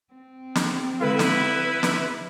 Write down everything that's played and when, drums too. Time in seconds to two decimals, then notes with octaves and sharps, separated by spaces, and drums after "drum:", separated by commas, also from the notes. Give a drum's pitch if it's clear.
0.13 C4
0.55 drum: snare
1.01 D3 G#3 E4 A4 B4
1.19 drum: snare
1.83 drum: snare